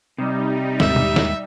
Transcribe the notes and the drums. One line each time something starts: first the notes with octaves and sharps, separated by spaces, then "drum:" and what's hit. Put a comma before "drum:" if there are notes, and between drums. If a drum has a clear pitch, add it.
C3 G3 D#4
D#2 G#2 G#3 E5, drum: snare
drum: tom B2
drum: snare